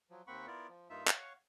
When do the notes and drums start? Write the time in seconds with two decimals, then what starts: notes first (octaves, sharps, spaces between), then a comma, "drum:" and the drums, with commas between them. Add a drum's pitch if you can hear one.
0.10 F3 F#3
0.27 D#2 A#3 C4 F#5 B5 C#6
0.47 B3 E4 F4 A#4 D5
0.69 F3
0.90 G2 A#3 D#4 F4 E5
1.07 C#5 F5 F#5 C#6, drum: clap